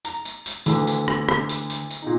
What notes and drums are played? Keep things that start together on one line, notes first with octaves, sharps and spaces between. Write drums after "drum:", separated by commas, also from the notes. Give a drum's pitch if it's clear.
A#5, drum: tambourine
drum: tambourine
drum: tambourine
D2 D3 E3, drum: tambourine
drum: tambourine
drum: rim click
drum: rim click
drum: tambourine
drum: tambourine
drum: tambourine
A#2 D#4